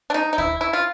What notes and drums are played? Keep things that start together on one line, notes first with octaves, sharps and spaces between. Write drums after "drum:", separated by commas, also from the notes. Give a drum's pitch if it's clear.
D4
D#4, drum: rim click
D#4
E4, drum: kick
E4
F4